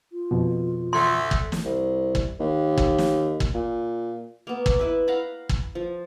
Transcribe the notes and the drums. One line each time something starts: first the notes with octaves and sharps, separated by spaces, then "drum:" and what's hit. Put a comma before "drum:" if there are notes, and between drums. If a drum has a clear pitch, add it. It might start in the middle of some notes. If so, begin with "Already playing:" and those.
F4
F2 B2
D2 A3 C6
drum: kick
drum: snare
C2
drum: kick
D#2
drum: kick
drum: snare
drum: kick
A#2
A#3 B3
drum: kick
E4 B4 E5
F5 F#5 A#5 B5
drum: kick
F3